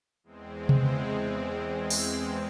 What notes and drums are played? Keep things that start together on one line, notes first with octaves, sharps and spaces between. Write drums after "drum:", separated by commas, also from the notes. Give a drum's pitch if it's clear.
E2 G#3 C4
drum: tom C3
drum: open hi-hat